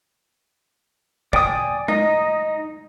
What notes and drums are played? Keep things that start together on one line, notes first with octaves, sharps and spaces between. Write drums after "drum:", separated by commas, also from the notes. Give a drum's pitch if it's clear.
D5 G5 G#5 D#6, drum: kick
D#4 D#5, drum: tom G#3